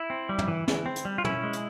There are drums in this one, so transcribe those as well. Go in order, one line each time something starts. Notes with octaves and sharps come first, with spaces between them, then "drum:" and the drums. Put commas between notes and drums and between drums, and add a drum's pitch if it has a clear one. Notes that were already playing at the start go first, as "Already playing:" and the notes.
Already playing: E4
C4
G3
drum: tom
E3
E3, drum: snare
C4
drum: hi-hat
G3
F4
C#4 E4, drum: tom
G#3
drum: hi-hat